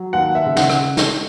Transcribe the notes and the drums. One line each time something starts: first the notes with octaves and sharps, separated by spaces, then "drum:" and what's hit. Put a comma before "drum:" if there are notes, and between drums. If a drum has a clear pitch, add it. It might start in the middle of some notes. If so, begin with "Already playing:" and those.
Already playing: F#3
D#2 F#5
E5
C#3
F#5, drum: snare
drum: rim click
drum: snare